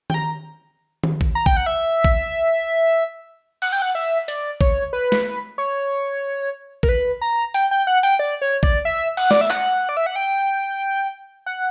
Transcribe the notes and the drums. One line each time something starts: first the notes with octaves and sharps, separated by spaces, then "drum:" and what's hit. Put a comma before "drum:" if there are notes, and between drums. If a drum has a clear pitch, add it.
G5, drum: tom D#3
A#5
drum: tom D#3
drum: kick A1
A#5
G5, drum: kick A1
F#5
E5
drum: kick A1
F#5, drum: cymbal
G5
F#5
E5
D5, drum: hi-hat
C#5, drum: kick A1
B4
drum: snare
C#5
A#4, drum: kick A1
B4
A#5
G5, drum: hi-hat
G5
F#5
G5, drum: hi-hat
D5
C#5
D5, drum: kick A1
E5
F#5, drum: cymbal
D5, drum: snare
E5
F#5, drum: clap
D5
E5
F#5
G5
F#5